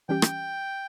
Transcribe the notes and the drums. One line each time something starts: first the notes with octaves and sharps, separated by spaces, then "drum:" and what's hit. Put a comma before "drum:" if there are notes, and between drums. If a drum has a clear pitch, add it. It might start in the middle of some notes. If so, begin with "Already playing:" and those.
E3 G3 C#4 G4 G5
drum: rim click